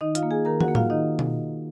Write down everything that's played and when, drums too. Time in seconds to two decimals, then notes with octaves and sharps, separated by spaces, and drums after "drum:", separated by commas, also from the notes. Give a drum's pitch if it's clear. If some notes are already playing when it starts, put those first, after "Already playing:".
0.01 D#3 D#4 D#5
0.15 F4 F5, drum: hi-hat
0.23 A#3
0.31 G#4 G#5
0.45 D#3 A#4 A#5
0.61 F#4 F#5, drum: tom
0.68 A#3
0.75 F4 F5, drum: tom
0.90 D#3 D#4 D#5
1.19 drum: tom B2